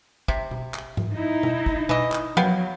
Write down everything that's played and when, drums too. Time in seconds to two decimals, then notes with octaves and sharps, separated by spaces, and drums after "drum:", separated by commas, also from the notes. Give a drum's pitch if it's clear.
0.28 C3, drum: kick
0.51 drum: tom B2
0.74 drum: clap
0.97 drum: tom G#2
1.13 D#4 E4
1.43 drum: tom B2
1.66 drum: kick
1.89 E3 D#5, drum: tom B2
2.12 drum: clap
2.37 F#3 B3 F5 G5, drum: tom F3